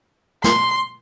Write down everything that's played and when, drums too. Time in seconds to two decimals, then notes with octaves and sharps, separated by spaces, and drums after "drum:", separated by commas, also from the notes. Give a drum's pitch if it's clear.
0.44 C6, drum: snare